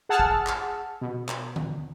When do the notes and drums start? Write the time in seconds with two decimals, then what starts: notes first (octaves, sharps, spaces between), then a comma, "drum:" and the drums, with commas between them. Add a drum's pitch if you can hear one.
0.09 G#4 F#5 A5 E6 F6
0.19 drum: kick
0.47 drum: clap
1.01 B2
1.29 drum: clap
1.56 drum: tom D3